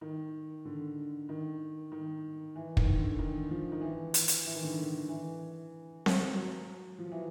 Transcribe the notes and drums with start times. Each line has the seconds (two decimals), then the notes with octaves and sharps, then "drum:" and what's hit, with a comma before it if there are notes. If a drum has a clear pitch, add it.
0.01 D#3
0.65 D3
1.29 D#3
1.92 D#3
2.56 E3
2.77 D#3, drum: kick
2.98 D3
3.19 D#3
3.50 F3
3.72 D#3
3.81 E3
4.14 drum: hi-hat
4.28 drum: hi-hat
4.46 E3
4.55 D#3
4.63 D3
4.73 D#3
5.09 E3
6.06 drum: snare C4
6.35 F#3
6.99 F3
7.12 E3